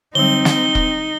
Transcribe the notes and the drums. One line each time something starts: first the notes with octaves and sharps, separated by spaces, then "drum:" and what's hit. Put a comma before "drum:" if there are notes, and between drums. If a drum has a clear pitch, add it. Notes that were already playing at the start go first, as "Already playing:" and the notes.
D3 F#3 G3 C4 D#4 G7
drum: snare
drum: kick E1